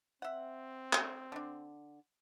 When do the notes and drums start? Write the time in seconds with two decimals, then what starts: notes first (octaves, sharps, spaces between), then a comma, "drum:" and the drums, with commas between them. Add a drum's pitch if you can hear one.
0.22 C4 E5 F#5
0.93 drum: clap
1.32 D3 D4